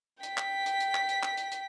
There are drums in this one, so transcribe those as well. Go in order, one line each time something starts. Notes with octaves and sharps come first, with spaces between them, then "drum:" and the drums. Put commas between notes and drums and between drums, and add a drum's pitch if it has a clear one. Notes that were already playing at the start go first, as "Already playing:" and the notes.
G5 B6, drum: hi-hat
drum: clap
drum: hi-hat
drum: hi-hat
drum: clap
drum: hi-hat
drum: clap
drum: hi-hat
drum: hi-hat